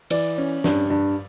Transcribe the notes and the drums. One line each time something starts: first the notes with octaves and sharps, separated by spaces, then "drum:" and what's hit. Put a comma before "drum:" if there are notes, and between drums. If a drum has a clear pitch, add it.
E3 D5, drum: cymbal
C#4
G2, drum: snare
G2